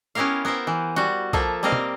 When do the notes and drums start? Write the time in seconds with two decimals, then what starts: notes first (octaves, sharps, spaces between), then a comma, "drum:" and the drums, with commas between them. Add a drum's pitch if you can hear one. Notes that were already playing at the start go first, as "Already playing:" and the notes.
0.15 B3 C#4 E4 G4 A#4 F5
0.45 B3 A#4 C5 E5
0.67 E3
0.96 G3 F#4
1.33 F3 A#3 A4 E5, drum: kick
1.63 G3 A#3 C4 A#4 D#5 F5
1.72 drum: tom